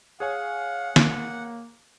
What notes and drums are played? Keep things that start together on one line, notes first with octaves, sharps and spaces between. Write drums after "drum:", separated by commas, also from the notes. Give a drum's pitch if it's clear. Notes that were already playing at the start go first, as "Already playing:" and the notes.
G#4 C#5 F5 F#5 G#5
A#3, drum: snare